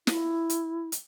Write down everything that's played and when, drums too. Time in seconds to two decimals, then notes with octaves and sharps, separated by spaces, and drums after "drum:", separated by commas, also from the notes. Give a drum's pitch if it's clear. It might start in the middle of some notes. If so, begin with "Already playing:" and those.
0.07 E4, drum: snare
0.50 drum: hi-hat
0.92 drum: hi-hat